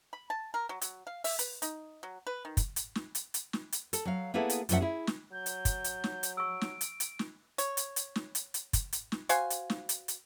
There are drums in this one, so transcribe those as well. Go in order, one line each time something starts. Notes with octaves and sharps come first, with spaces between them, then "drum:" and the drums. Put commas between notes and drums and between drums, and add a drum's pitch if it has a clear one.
B5
A5
A#4
F#3
F#3, drum: hi-hat
F5
E5, drum: open hi-hat
B4, drum: hi-hat
D#4, drum: hi-hat
F#3
B4
D#3
drum: kick, hi-hat
drum: hi-hat
drum: snare
drum: hi-hat
drum: hi-hat
drum: snare
drum: hi-hat
A4, drum: hi-hat
F#3 F5
A#3 B3 E4 G#4 A4 B4
drum: hi-hat
F#2 F3 G#3 D#4 E5 F#5, drum: hi-hat
E4 G#4
drum: snare
F#3 G6
drum: hi-hat
drum: kick, hi-hat
drum: hi-hat
drum: snare
drum: hi-hat
C#6 E6 D7
drum: snare
drum: hi-hat
drum: hi-hat
drum: snare
C#5, drum: hi-hat
drum: hi-hat
drum: hi-hat
drum: snare
drum: hi-hat
drum: hi-hat
drum: kick, hi-hat
drum: hi-hat
drum: snare
F#4 C5 F5 G#5, drum: hi-hat
drum: hi-hat
drum: snare
drum: hi-hat
drum: hi-hat